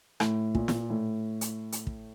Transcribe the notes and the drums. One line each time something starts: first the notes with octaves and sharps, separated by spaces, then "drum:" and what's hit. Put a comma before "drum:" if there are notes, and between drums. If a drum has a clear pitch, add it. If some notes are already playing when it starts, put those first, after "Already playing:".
A2, drum: rim click
A#2, drum: kick
drum: snare
A2
drum: hi-hat
drum: hi-hat
drum: kick